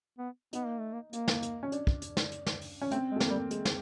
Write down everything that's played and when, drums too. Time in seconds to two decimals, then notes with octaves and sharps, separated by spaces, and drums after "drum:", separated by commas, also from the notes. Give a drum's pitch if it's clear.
0.19 B3
0.53 B3 D#4, drum: hi-hat
0.67 A#3
0.79 A3
0.93 A#3
1.13 A#3, drum: hi-hat
1.28 drum: snare
1.42 drum: hi-hat
1.63 C#4
1.72 D4, drum: hi-hat
1.87 drum: kick
2.02 drum: hi-hat
2.17 drum: snare
2.32 drum: hi-hat
2.46 drum: snare
2.61 drum: open hi-hat
2.82 C#4
2.91 A3 C4, drum: hi-hat
3.11 G#3
3.16 A3
3.20 A#3, drum: snare
3.30 G3
3.51 G#3, drum: hi-hat
3.65 drum: snare